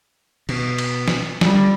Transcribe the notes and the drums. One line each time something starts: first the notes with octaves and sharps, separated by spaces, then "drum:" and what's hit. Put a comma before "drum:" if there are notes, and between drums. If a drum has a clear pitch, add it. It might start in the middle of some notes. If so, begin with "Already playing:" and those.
B2, drum: cymbal
drum: cymbal
drum: snare
F3 G3, drum: snare
D3